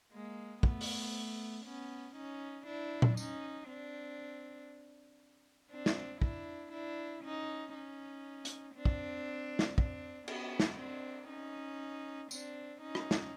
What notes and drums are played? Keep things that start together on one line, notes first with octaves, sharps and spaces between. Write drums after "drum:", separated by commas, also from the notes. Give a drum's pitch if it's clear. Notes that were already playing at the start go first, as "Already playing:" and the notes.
G#3 A#3
A3 B3, drum: kick
drum: open hi-hat
B3 C#4
C#4 D#4
D4 E4
drum: tom A#2
C#4 D#4, drum: tambourine
C4 D4
C4 D4
drum: snare
D4 E4, drum: kick
D4 E4
C#4 D#4
C#4 D#4
drum: hi-hat
C4 D4
drum: kick
drum: snare
C4 D4, drum: kick
B3 C#4, drum: cymbal
drum: snare
C4 D4
C#4 D#4
C4 D4, drum: tambourine
C#4 D#4
drum: rim click
drum: snare